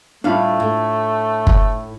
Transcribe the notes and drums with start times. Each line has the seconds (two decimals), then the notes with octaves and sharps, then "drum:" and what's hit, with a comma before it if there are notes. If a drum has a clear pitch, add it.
0.24 A2 G3 A3 D4 F4 F5 B5
0.60 A2
1.47 drum: kick